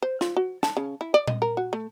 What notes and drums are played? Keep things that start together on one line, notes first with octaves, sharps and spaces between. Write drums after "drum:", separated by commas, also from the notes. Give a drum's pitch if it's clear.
C5
F4, drum: snare
F#4
A5, drum: snare
C#3
E4
D5
D#5, drum: tom A#2
A#4
F#4
A3